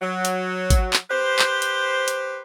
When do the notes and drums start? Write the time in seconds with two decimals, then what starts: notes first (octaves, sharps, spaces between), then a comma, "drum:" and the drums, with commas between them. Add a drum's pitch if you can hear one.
0.02 F#3
0.25 drum: hi-hat
0.70 drum: kick G#1, hi-hat
0.93 drum: clap
1.10 G4 B4 C5
1.39 drum: clap
1.62 drum: hi-hat
2.08 drum: hi-hat